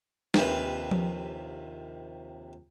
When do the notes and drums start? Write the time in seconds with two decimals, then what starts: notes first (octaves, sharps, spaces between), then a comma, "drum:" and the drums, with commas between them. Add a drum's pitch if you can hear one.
0.34 A#1 D#2 C3 B4, drum: snare
0.91 drum: tom F3